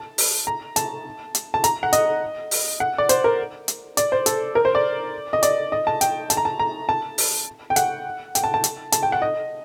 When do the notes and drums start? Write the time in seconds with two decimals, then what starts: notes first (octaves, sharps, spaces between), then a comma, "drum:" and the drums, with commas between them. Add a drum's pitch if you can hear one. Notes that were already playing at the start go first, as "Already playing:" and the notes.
Already playing: A5
0.18 drum: open hi-hat
0.47 A#5
0.76 A5, drum: hi-hat
1.35 drum: hi-hat
1.54 A5
1.64 A#5, drum: hi-hat
1.83 F#5
1.93 D#5, drum: hi-hat
2.51 drum: open hi-hat
2.80 F#5
2.98 D5
3.09 C5, drum: hi-hat
3.24 A#4
3.68 drum: hi-hat
3.97 D5, drum: hi-hat
4.12 C5
4.26 A4, drum: hi-hat
4.55 A#4
4.65 C5
4.75 D5
5.33 D#5
5.43 D5, drum: hi-hat
5.72 D#5
5.87 A5
6.01 G5, drum: hi-hat
6.30 A5, drum: hi-hat
6.37 A#5
6.45 A5
6.59 A#5
6.89 A5
7.18 drum: open hi-hat
7.70 G5
7.76 F#5, drum: hi-hat
8.35 G5, drum: hi-hat
8.44 A5
8.54 A5
8.64 drum: hi-hat
8.92 A5, drum: hi-hat
9.03 G5
9.12 F#5
9.22 D#5